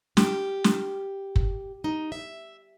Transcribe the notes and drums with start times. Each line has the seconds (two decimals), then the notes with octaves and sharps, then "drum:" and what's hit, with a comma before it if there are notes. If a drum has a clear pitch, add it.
0.17 G4, drum: snare
0.64 drum: snare
1.36 drum: kick
1.84 D#4
2.12 E5